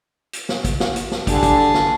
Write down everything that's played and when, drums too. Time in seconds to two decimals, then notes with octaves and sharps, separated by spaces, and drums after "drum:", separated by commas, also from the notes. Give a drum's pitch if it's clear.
0.33 drum: hi-hat
0.49 drum: snare
0.64 drum: kick, hi-hat
0.80 drum: snare
0.96 drum: hi-hat
1.11 drum: snare
1.27 D3 G4 G#4 A5, drum: kick, hi-hat
1.43 drum: kick, hi-hat
1.74 drum: snare